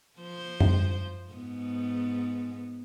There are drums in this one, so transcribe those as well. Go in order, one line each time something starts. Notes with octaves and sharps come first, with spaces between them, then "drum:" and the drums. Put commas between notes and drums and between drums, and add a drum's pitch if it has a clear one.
F3 C5
drum: tom F#2
G#2 B3